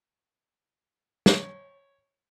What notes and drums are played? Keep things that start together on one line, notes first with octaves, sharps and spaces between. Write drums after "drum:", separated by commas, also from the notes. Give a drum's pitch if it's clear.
C#5, drum: snare